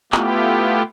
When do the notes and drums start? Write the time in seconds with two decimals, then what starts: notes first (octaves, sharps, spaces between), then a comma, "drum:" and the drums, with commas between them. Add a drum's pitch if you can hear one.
0.12 A3 B3 E4 F4 G4, drum: clap